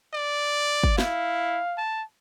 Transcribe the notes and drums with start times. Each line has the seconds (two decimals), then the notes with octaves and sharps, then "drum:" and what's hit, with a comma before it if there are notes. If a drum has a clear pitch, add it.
0.14 D5
0.84 drum: kick
0.98 E4 F5, drum: snare
1.78 A5